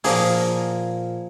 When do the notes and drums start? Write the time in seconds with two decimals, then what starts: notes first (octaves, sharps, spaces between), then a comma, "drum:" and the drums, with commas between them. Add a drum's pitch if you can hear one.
0.04 A#2 F3 A#3 G#4, drum: open hi-hat